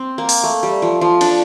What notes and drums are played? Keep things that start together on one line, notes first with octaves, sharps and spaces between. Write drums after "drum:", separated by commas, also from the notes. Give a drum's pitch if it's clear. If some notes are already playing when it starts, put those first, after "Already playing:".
Already playing: C4
A#3
drum: open hi-hat
A3
G3
F3
F3
D4, drum: cymbal